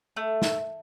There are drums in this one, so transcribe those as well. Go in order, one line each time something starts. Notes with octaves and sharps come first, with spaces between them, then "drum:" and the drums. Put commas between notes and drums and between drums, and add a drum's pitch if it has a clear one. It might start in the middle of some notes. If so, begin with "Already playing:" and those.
A3
drum: snare